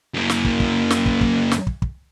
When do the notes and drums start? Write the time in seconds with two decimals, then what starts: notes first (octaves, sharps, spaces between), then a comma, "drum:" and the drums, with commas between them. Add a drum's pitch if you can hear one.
0.14 F#2 A#3
0.30 drum: snare
0.45 drum: kick
0.60 drum: kick
0.90 drum: snare
1.06 drum: kick
1.21 drum: kick
1.51 drum: snare
1.67 drum: kick
1.82 drum: kick